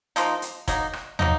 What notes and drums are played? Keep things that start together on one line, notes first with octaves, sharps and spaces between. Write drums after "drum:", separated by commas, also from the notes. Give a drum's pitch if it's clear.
F3 A#3 D#4, drum: hi-hat
drum: hi-hat
F#3 A#3 D#4, drum: kick, hi-hat
drum: rim click
F#3 A#3 D#4, drum: tom